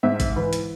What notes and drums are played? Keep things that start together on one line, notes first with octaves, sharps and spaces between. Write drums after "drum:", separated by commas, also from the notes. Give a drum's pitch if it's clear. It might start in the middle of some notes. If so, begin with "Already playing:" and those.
G#2 E5
drum: kick G#1, hi-hat
E3 B4
drum: hi-hat